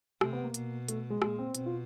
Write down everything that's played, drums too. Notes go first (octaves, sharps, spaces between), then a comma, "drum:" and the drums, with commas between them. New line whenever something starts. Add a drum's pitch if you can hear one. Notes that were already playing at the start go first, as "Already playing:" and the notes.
C3 A3, drum: rim click
B3
A#3
B2, drum: hi-hat
A3, drum: hi-hat
G#3
A#2 G#3, drum: rim click
C4
B2 C4, drum: hi-hat
F4